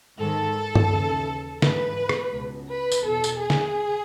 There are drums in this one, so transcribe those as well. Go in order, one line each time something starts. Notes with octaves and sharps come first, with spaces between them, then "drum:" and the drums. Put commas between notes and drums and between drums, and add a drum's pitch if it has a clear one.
G#2 D#3 A4
drum: tom G2
D#2 C#3 E3
G#2 E3 B4, drum: snare
drum: rim click
C#2 B2
B4
drum: tambourine
E2 B2 A4
drum: tambourine
G#4
drum: snare